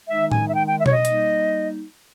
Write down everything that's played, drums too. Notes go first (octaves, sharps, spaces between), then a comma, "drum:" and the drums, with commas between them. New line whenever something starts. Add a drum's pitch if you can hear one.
D#3 G#3 D#4 E5
G#5, drum: tom A2
E5
G5
G5
E5
C#5, drum: tom B2
D#5
G3 A#3 D#4, drum: hi-hat